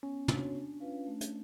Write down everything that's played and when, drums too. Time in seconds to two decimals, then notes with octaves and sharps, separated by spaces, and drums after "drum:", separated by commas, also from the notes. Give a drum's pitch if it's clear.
0.03 B3 C#4
0.28 D4 F#4 C#5, drum: tom
0.54 C#4
0.80 F4 B4 F5
1.06 A3
1.21 drum: hi-hat